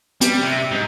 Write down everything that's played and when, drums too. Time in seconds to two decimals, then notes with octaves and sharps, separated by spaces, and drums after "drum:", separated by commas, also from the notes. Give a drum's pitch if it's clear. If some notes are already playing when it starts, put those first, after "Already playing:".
0.21 G3, drum: hi-hat
0.42 C3
0.71 G#2